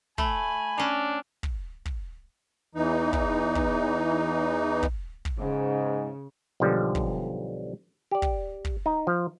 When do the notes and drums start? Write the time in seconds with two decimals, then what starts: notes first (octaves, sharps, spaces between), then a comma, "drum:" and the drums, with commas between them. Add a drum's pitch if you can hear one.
0.18 A3 G#5 B5, drum: kick
0.78 C#4 D4 C#5
1.43 drum: kick
1.85 drum: kick
2.75 E2 E3 D#4
3.13 drum: kick
3.55 drum: kick
4.83 drum: kick
5.25 drum: kick
5.40 G#2 C#3
6.60 B1 G#2 D3 F3 G3
6.95 drum: kick
8.11 G4 D5
8.22 drum: kick
8.65 drum: kick
8.86 D#4
9.07 F3